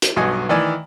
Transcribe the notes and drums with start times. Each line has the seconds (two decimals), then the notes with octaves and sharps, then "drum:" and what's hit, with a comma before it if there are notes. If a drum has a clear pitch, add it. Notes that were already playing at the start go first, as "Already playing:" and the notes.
0.02 drum: hi-hat
0.16 B1 G2 F#4 D#5 G#5
0.49 D#3 E3 D5 G#5 E6